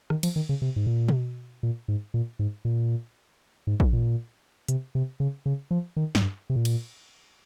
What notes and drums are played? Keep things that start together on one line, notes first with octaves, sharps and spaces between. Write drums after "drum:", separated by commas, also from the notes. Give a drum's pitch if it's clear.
D#3, drum: rim click
F3, drum: cymbal
D#3
C#3
C3
G#2
A#2
drum: tom B2
A#2
G#2
A#2
G#2
A#2
G#2
drum: kick
A#2
C3, drum: hi-hat
C3
C#3
C#3
F3
D#3
G#2, drum: snare
G2
C3
A#2
drum: cymbal